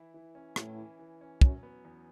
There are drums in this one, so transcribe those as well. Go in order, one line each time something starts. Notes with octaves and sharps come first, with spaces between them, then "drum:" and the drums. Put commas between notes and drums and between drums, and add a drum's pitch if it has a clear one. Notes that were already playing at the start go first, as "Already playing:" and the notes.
Already playing: E3 E4
E3
C#4
A2 E4, drum: rim click
E3
E3
C#4
F#2 F#3, drum: kick
B3
E2